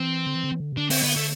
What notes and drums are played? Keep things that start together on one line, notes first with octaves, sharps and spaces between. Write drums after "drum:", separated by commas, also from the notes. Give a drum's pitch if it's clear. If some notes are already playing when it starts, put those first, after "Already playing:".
Already playing: E3 C4
D3
E3
D3
E3
D3
C3
D3 D4
C4, drum: open hi-hat
B3
A3